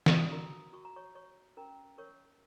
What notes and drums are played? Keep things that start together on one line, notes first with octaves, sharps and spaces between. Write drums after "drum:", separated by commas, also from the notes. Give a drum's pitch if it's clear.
drum: snare
D#6
C#6
F#4 A#4 A#5
F#4 C#6
A#5
C#5 C#6
C#5 C#6
C#4 A#4 A#5
A#4 C#5 C#6